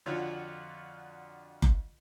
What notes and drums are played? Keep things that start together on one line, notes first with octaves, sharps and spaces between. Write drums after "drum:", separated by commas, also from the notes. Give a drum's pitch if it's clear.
F2 D3 D4 F4 F#4 C#5
drum: kick F#1